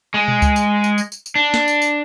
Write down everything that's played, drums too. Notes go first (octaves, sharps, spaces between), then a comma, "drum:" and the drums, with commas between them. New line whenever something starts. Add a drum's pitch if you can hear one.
G#3
drum: tom A#2
drum: kick C#2, tambourine
drum: tambourine
drum: tambourine
drum: tambourine
drum: tambourine
drum: tambourine
D4
drum: snare
drum: tambourine
drum: tambourine